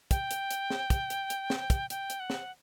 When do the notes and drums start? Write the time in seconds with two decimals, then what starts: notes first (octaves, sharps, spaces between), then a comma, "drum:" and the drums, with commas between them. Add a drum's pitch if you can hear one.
0.11 G5, drum: kick, hi-hat
0.31 drum: hi-hat
0.51 drum: hi-hat
0.70 drum: snare
0.90 drum: kick, hi-hat
1.10 drum: hi-hat
1.30 drum: hi-hat
1.50 drum: snare
1.70 drum: kick, hi-hat
1.90 G5, drum: hi-hat
2.10 drum: hi-hat
2.20 F#5
2.30 drum: snare